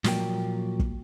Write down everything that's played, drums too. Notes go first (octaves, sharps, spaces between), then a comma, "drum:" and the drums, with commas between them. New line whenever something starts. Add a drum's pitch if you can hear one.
A#2 F3 F#3 A#3 G5, drum: snare
drum: kick